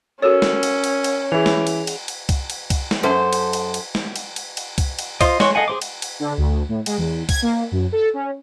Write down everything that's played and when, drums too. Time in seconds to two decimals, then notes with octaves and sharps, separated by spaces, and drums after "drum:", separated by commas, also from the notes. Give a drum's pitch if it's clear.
0.22 C#4 F#4 A4 A#4 C#5 E6 E7
0.42 drum: snare
0.63 drum: cymbal
0.84 drum: cymbal
1.04 drum: cymbal
1.32 E3 E4 G#4 F7
1.46 drum: snare
1.67 drum: cymbal
1.87 drum: cymbal
2.08 drum: cymbal
2.29 drum: kick C2, cymbal
2.50 drum: cymbal
2.70 drum: kick C2, cymbal
2.91 drum: snare
3.03 F#2 A4 C5
3.33 drum: cymbal
3.53 drum: cymbal
3.74 drum: cymbal
3.95 drum: snare
4.16 drum: cymbal
4.36 drum: cymbal
4.57 drum: cymbal
4.78 drum: kick C2, cymbal
4.99 drum: cymbal
5.21 F4 C5 D#5, drum: kick C2, cymbal
5.40 G#3 F#4 C#5 C6, drum: snare
5.55 A4 D#5 F5 F#5 G#5
5.68 G#4 C5 D6
5.82 drum: cymbal
6.02 drum: cymbal
6.20 D3
6.37 D2
6.69 A2
6.86 G#3, drum: cymbal
6.98 E2
7.29 G#6, drum: kick C2, cymbal
7.42 A#3
7.71 F#2
7.92 A4
8.14 C#4